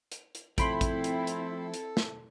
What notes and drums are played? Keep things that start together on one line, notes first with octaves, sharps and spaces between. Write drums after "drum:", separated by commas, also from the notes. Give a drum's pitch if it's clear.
drum: hi-hat
drum: hi-hat
F3 A3 C4 E4 A4 G5 B5 C6, drum: kick, hi-hat
drum: kick, hi-hat
drum: hi-hat
drum: hi-hat
drum: hi-hat
drum: snare